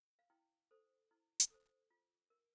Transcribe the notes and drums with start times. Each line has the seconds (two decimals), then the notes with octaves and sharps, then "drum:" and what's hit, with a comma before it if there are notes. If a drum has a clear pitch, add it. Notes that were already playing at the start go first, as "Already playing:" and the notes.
0.19 F5
0.30 E4 G5
0.71 A4 C5
1.11 E4
1.40 drum: hi-hat
1.50 A4 C5
1.90 F4
2.30 A#4